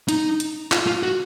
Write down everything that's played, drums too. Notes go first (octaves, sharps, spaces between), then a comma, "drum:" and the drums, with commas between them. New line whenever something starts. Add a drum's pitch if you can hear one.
D#4, drum: hi-hat
drum: hi-hat
F4, drum: clap
F4
F#4